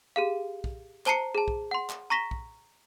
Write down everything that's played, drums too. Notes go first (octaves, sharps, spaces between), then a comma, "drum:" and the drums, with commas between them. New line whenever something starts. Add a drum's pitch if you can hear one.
G4 G#4 F5
drum: kick
C5 A5 A#5 C7 C#7, drum: clap
G#4 A5
drum: kick
F#5 C6
drum: clap
A#5 C#6 A#6 B6 E7 G7
drum: kick